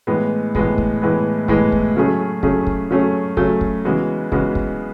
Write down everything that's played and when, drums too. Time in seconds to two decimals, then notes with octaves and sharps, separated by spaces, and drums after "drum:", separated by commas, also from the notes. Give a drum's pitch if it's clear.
0.07 A2 E3 G#3 B3
0.55 A2 E3 G#3 B3, drum: kick
0.78 drum: kick
1.02 A2 E3 G#3 B3
1.48 A2 E3 G#3 B3, drum: kick
1.72 drum: kick
1.96 C#3 F#3 A3 C#4 G#4
2.43 C#3 F#3 A3 C#4 G#4, drum: kick
2.67 drum: kick
2.91 C#3 F#3 A3 C#4 G#4
3.37 C#3 F#3 A3 C#4 G#4, drum: kick
3.61 drum: kick
3.85 C#3 E3 G#3 B3 F#4
4.32 C#3 E3 G#3 B3 F#4, drum: kick
4.55 drum: kick